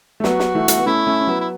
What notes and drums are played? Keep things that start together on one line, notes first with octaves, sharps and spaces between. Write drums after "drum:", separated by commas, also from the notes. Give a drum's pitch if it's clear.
A3
F#3 B3 F#4, drum: snare
drum: snare
E3 A3
A3, drum: hi-hat
B3
A3 C#4 E4
A3 C#4
C#4
F#3 B3
E4